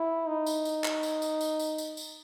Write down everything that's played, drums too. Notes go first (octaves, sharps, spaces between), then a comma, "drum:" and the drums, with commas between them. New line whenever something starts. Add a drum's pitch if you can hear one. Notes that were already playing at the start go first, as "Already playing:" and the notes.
Already playing: E4
D#4
drum: tambourine
drum: tambourine
drum: clap
drum: tambourine
drum: tambourine
drum: tambourine
drum: tambourine
drum: tambourine
drum: tambourine